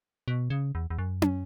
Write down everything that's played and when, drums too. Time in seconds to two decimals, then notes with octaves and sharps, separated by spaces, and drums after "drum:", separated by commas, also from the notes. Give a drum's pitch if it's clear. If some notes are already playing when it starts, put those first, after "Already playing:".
0.28 B2
0.50 C#3
0.75 E2
0.90 E2
0.99 F#2
1.22 drum: tom C#4